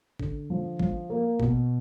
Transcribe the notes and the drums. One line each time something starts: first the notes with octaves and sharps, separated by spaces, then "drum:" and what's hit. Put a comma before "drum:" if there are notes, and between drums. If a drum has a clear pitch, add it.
D3, drum: kick G#1
F3
F3, drum: kick G#1
A#3
B2, drum: kick G#1